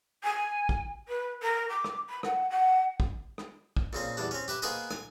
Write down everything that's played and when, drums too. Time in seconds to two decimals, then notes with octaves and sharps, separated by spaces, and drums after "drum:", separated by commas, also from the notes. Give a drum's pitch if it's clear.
0.23 G#5
0.69 drum: kick
1.08 B4
1.42 A#4
1.69 D6
1.84 drum: rim click
2.09 B5
2.23 F#5, drum: rim click
2.50 F#5
3.00 drum: kick
3.38 drum: rim click
3.77 drum: kick
3.93 A#2 C#3 C4
4.17 E2 G3 D4
4.31 C4 C#4
4.48 G4 B4 E5
4.62 A#3 B3 G#4 B4 C5 D#5
4.91 G#5, drum: rim click